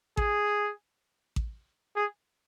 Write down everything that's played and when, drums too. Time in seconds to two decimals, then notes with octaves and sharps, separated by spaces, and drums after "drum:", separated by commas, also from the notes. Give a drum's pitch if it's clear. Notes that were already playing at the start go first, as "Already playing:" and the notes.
0.17 G#4, drum: kick A1
1.36 drum: kick A1
1.96 G#4